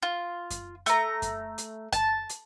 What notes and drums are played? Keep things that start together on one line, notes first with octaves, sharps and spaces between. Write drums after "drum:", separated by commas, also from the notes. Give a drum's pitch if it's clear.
F4
drum: kick F#2, hi-hat
A3 A#5, drum: hi-hat
drum: kick F#2, hi-hat
drum: hi-hat
A5, drum: kick F#2, hi-hat
drum: hi-hat